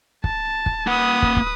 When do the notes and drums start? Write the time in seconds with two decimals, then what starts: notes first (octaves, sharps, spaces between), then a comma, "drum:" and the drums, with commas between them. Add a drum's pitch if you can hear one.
0.24 A5, drum: kick
0.66 drum: kick
0.87 A#3 B4 F#5 D#6
1.22 drum: kick
1.36 drum: kick